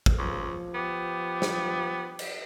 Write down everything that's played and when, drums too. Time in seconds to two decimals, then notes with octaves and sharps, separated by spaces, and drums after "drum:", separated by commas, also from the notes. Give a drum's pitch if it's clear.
0.06 drum: kick
0.19 C#2 F3
0.75 B3 G4
1.42 drum: snare
2.19 drum: cymbal